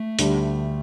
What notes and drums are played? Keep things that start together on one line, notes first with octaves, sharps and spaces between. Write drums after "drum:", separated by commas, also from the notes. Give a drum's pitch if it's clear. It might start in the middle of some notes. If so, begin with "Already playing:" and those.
Already playing: A3
D2 D3 G3, drum: hi-hat